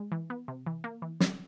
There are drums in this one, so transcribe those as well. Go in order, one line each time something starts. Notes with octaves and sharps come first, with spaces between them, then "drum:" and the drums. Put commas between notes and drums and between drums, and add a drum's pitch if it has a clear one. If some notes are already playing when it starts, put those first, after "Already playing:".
Already playing: G#3
E3
B3
C3
E3
A#3
E3
G3, drum: snare